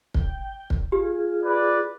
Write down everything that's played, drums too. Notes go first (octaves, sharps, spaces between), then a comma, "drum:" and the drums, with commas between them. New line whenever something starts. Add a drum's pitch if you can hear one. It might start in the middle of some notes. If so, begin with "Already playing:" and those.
G5, drum: kick
drum: kick
F4 G4 G#4
B4 D5